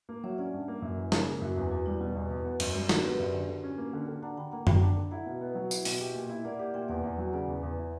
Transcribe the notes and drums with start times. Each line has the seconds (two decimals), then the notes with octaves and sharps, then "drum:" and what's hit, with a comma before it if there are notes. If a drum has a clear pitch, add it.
0.09 A#3
0.24 F#3 C#5 E5
0.38 C#4 D5 F#5
0.53 G2
0.68 A#3
0.82 F#2
0.98 E3
1.12 C#3 A#4 C#5, drum: snare
1.26 A#3 E4
1.42 F#2 F#4
1.56 E2 E4
1.71 E2 F#4
1.86 G3 E4
2.01 B2 F#4
2.15 E2
2.31 E2
2.45 B3
2.60 F#2, drum: cymbal
2.75 G3
2.89 D3 F#4 A#4, drum: snare
3.04 B3 G4 B4
3.19 F#2 B4 D5
3.34 D3
3.48 D3
3.64 C#4
3.78 A#3
3.93 D3
4.08 D3
4.22 D4 F#5 A#5
4.37 D3 G5 B5
4.52 A#3 F#5 A#5
4.67 F#3 G5 B5, drum: tom F#2
4.82 D4
4.96 D3
5.11 E4 F#5 A#5
5.26 B2
5.41 B3
5.55 F#3
5.71 E4, drum: tambourine
5.85 B2, drum: open hi-hat
6.00 G4 E5 G5
6.15 A#2
6.29 E4
6.44 A#3 D5 F#5
6.59 G4 D5 F#5
6.74 A#2 E5 G5
6.88 E2 D5 F#5
7.03 E2
7.18 F#3
7.33 C#3 D5 F#5
7.48 E2
7.62 E2
7.78 E4